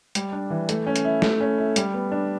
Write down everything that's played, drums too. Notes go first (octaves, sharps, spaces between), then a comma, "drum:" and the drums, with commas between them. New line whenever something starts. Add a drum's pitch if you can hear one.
G3, drum: hi-hat
D4
E3
A3, drum: hi-hat
C#4
drum: hi-hat
E4
A3, drum: snare
C#4
E4
G3, drum: hi-hat
B3
D4